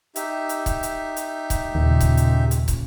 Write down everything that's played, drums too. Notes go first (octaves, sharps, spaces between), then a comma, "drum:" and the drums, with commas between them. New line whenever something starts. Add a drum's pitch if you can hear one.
D#4 G4 E5, drum: hi-hat
drum: hi-hat
drum: kick, hi-hat
drum: hi-hat
drum: hi-hat
drum: kick, hi-hat
D#2 A#2 C#3
drum: kick, hi-hat
drum: hi-hat
drum: hi-hat
drum: kick, hi-hat